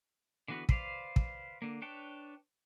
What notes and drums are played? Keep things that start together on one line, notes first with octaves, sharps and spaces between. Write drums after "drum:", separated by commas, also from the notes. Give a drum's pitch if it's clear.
D3 E3 B3 F#4 B4
B4 C5 D5 F5, drum: kick
drum: kick
D3 A#3
D4 B4 C#5 G5 A5